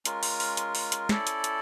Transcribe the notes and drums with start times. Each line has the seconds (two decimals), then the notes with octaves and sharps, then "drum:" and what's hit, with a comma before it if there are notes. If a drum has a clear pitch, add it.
0.05 G#3 C#4 F4 A#4, drum: hi-hat
0.23 drum: open hi-hat
0.40 drum: open hi-hat
0.57 drum: hi-hat
0.75 drum: open hi-hat
0.92 drum: hi-hat
1.09 C#4 E4 A4 D5, drum: snare
1.27 drum: hi-hat
1.44 drum: hi-hat